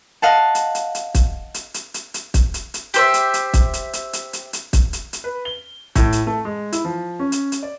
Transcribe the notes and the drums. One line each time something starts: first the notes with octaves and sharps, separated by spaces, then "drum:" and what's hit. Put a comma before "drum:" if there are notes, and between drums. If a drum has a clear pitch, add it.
D#5 F5 F#5 A5
drum: hi-hat
drum: hi-hat
drum: hi-hat
drum: kick, hi-hat
drum: hi-hat
drum: hi-hat
drum: hi-hat
drum: hi-hat
drum: kick, hi-hat
drum: hi-hat
drum: hi-hat
G4 C5 E5, drum: hi-hat
drum: hi-hat
drum: hi-hat
drum: kick, hi-hat
drum: hi-hat
drum: hi-hat
drum: hi-hat
drum: hi-hat
drum: hi-hat
drum: kick, hi-hat
drum: hi-hat
drum: hi-hat
B4
G7
A2, drum: kick, hi-hat
drum: hi-hat
A3
G#3
E4, drum: hi-hat
F3
C#4
drum: hi-hat
drum: hi-hat
D5